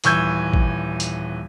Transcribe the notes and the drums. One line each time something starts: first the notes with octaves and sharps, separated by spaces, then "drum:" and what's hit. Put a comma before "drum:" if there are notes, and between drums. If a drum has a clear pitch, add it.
D#1 E3 C#6 E6 G6 G#6, drum: hi-hat
drum: kick
drum: hi-hat